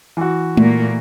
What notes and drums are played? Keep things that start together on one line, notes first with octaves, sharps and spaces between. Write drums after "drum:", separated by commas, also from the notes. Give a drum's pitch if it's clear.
E3 F#4
A#2 A3 A#3, drum: tom